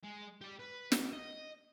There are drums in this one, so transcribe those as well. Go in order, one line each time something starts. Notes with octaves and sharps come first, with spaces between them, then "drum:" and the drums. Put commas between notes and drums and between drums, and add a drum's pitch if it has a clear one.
G#3
G4 D5
B4
D#4 B4, drum: snare
D#5